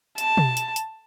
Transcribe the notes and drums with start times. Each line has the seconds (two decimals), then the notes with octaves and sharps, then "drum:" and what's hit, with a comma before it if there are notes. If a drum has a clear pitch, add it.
0.18 A5, drum: hi-hat
0.37 drum: tom
0.57 drum: hi-hat
0.76 drum: hi-hat